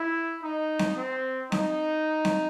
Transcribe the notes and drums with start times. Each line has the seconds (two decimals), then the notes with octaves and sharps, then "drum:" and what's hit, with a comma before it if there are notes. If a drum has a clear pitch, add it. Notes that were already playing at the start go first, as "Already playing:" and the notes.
Already playing: E4
0.43 D#4
0.79 drum: snare C4
0.97 C4
1.52 D#4, drum: snare C4
2.25 drum: snare C4